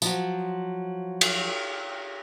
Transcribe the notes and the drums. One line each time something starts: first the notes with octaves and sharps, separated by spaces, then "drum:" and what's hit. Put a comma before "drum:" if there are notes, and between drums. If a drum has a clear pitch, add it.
F3 F#3, drum: tambourine
drum: cymbal